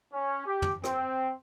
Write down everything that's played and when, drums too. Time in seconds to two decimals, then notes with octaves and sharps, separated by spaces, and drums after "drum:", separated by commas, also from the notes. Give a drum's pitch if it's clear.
0.13 C#4
0.46 G4
0.62 drum: tom
0.84 C4, drum: rim click